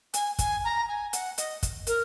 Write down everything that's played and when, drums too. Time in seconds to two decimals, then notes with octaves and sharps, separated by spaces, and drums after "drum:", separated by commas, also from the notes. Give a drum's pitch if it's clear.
0.14 G#5, drum: hi-hat
0.39 G#5, drum: kick, hi-hat
0.64 A#5
0.89 G#5
1.13 F#5, drum: hi-hat
1.38 D#5, drum: hi-hat
1.63 drum: kick, hi-hat
1.87 A#4, drum: hi-hat